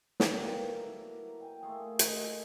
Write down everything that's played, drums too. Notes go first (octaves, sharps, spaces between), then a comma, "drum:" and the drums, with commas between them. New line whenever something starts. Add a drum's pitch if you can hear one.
D3 A#3 B4 G5, drum: snare
F#3 E4 A#4
G5 G#5
A3 A#3 F4 G#4
D#5 E5, drum: hi-hat